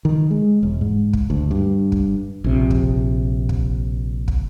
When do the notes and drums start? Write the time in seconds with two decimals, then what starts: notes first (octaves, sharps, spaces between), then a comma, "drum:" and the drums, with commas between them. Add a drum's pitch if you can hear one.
0.05 D#3
0.31 G#3
0.63 E1
0.81 G#2
1.13 drum: kick
1.30 D2
1.51 G2
1.92 drum: kick
2.44 A#1 C3
2.71 drum: kick
3.49 drum: kick
4.28 drum: kick